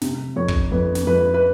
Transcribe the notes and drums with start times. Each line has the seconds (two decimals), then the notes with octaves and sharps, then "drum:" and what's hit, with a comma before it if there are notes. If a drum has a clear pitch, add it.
0.02 C3, drum: snare
0.36 F2 C#5
0.48 drum: kick
0.71 F2 B4
0.95 drum: snare
1.07 F2 B4
1.34 B4